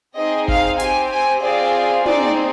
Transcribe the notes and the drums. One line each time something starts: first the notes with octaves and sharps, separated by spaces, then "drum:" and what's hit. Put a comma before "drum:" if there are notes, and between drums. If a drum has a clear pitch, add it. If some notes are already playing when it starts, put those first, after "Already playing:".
C4 D#4 G#4 D#5
F5, drum: kick G1
C4 G4 G#5, drum: hi-hat
G#5
C4 F4 G#4 D5
C4 D#4 G#4 D5, drum: tom